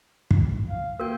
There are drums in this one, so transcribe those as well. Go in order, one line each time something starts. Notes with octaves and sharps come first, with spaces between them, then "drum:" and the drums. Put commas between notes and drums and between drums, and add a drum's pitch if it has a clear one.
drum: kick
F5
A#3 F#4 A#4 G5 G6